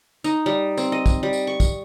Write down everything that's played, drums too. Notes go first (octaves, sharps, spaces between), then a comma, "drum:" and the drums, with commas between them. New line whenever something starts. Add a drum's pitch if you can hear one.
D#4, drum: tambourine
G3
C4, drum: tambourine
D#5
drum: kick, tambourine
G3
drum: tambourine
C#6
drum: kick, tambourine